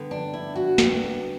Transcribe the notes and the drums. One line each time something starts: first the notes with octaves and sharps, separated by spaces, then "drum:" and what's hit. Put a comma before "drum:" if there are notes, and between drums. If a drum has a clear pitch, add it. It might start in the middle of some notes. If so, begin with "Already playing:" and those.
Already playing: D3 G3 B3
D4
E4
F#4
D3 G3 B3, drum: snare